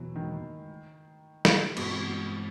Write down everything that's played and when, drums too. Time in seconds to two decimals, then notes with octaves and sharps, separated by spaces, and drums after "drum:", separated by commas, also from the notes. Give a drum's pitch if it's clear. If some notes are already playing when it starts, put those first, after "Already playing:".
Already playing: E2 B2 E3 F#3
0.16 D#3
1.45 drum: snare
1.77 G2 B2 E3 G#3 C4, drum: cymbal
2.04 B2